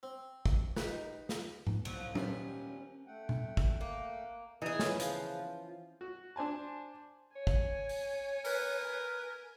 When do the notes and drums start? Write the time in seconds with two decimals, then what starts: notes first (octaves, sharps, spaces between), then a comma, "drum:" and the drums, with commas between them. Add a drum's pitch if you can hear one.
0.03 C4
0.46 drum: kick
0.76 D#4 G4 A#4 B4, drum: snare
1.29 drum: snare
1.67 drum: tom G#2
1.85 C2 F3 F#3, drum: cymbal
2.15 D#2 A#2 F3 G3 B3 C#4 B5, drum: tom
3.07 A3 F#5 G5
3.29 drum: tom B2
3.57 drum: kick
3.81 A#3
4.62 C#3 E3 B3 D#4 G#4 B4
4.79 C#4, drum: snare
5.00 F3, drum: hi-hat
6.01 F#4
6.36 D4 C5 G#5 A5
7.36 C#5 G#5
7.47 drum: kick
7.89 drum: open hi-hat
8.45 A#4 B4, drum: open hi-hat